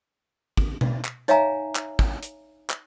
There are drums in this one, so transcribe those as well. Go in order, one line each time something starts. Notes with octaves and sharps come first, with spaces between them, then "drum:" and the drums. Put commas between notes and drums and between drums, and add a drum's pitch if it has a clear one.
drum: kick
drum: tom B2
drum: clap
D#4 C#5 E5 F5 G#5 A#5, drum: hi-hat
drum: clap
drum: kick
drum: hi-hat
drum: clap